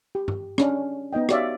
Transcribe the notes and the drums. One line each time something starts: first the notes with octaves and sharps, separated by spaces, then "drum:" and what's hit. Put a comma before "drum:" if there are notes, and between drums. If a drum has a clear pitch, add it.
G4
drum: tom G2
C#4 D4, drum: rim click
B3 D#4 D#5 G5
F#4 G4 C#5 D5 E5 F5, drum: rim click